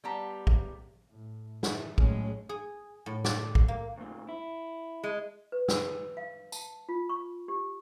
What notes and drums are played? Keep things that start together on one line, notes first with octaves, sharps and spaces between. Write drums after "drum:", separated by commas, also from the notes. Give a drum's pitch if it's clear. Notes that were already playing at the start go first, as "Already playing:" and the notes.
G3 B3 G4 A5 A#5
drum: kick
A2
E3, drum: snare
A2 F#3 G#3 C#4, drum: kick
G#4
A2
D5, drum: snare
drum: kick
A#3
D2 A#2
E4
G#3
B4
E6, drum: snare
F5
A5, drum: tambourine
F4
C#6
G4